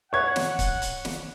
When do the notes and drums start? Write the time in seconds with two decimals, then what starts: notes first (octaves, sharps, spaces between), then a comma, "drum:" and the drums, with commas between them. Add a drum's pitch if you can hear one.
0.13 C#5 F#5 G#6
0.36 drum: snare
0.59 drum: kick C#1, hi-hat
0.82 drum: hi-hat
1.05 drum: snare